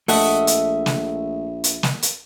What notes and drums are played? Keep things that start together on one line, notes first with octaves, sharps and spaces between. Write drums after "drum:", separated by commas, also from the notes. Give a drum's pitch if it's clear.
A#1 A3 A4 D#5 E5 F#5, drum: open hi-hat
drum: hi-hat
drum: snare
drum: hi-hat
drum: snare
drum: hi-hat